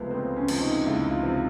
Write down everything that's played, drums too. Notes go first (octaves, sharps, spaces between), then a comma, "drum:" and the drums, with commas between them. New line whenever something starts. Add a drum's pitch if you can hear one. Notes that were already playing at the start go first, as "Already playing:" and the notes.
Already playing: C#2 C3 F3 G#3 A3 B3
C#2 C4
C#4
C3 F3, drum: cymbal
D#4
C#2 E4
F4
C3 F3